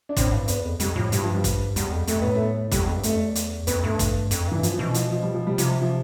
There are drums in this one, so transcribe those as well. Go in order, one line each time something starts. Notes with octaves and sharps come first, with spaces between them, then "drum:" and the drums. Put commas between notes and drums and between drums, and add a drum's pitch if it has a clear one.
D4
A2 C4, drum: kick, hi-hat
G2
E2 B3, drum: hi-hat
F2
F2 G3, drum: hi-hat
A2 F3
G2 G3, drum: hi-hat
F3
G3
drum: kick, hi-hat
E2 G3, drum: hi-hat
F2
F2 A3, drum: hi-hat
A2 B3
A3
F2 G3, drum: kick, hi-hat
E2
F2
G2
F2 A3, drum: hi-hat
E2
drum: hi-hat
F2 B3, drum: hi-hat
G2 A3
drum: kick, hi-hat
F2, drum: hi-hat
G2 E3
F3, drum: hi-hat
F3
B2 E3
F3, drum: hi-hat
F3
G3
F3
G3
C3 F3, drum: hi-hat
F3